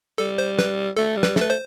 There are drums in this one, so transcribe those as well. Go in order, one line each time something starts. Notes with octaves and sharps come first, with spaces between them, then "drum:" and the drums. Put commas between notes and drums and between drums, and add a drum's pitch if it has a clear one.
G3 A4
C5
B4, drum: snare
A3 A4
G3
B4, drum: snare
A3 B4, drum: snare
C5